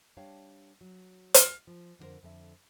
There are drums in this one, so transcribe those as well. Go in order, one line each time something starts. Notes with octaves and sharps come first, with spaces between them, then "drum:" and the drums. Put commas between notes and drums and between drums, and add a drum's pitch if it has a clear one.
G3 D4 C#5 F5 G5 A5
F#3
drum: hi-hat
F3
F2 D3 D#4 A#4 C5
F2 D3 E5